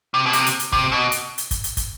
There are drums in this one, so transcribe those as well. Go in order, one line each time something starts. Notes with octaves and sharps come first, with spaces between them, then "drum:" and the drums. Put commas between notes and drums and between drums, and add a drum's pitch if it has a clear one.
C3
B2
C3, drum: hi-hat
drum: hi-hat
drum: hi-hat
C3, drum: kick
B2
drum: hi-hat
drum: hi-hat
drum: kick, hi-hat
drum: hi-hat
drum: kick, hi-hat